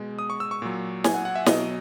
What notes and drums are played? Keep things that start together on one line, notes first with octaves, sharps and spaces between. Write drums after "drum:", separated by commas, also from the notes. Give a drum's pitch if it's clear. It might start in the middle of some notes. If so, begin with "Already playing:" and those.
Already playing: B2 G#3
D#6
C#6
E6
C#6
A#2 F#3
G#5, drum: snare
F#5
F#5
E5
B2 F#3 D#5, drum: snare